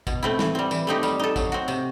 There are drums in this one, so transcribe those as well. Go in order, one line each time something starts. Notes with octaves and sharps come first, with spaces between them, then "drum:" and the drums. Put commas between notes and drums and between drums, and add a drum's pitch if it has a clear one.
B2, drum: kick, tambourine
A3 C4 E4
E3, drum: snare
G3 C4
E3, drum: tambourine
A3 C4 D#4 G4
G3, drum: tambourine
D#4 A4
F#3, drum: kick, tambourine
C4 F#4
C3, drum: tambourine